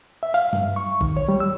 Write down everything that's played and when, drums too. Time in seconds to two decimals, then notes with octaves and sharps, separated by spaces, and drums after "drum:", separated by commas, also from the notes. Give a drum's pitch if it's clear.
0.23 E5
0.34 F5, drum: open hi-hat
0.53 G2, drum: tom F#3
0.76 C#6
1.01 D#3, drum: kick
1.17 C#5
1.29 G3
1.40 E6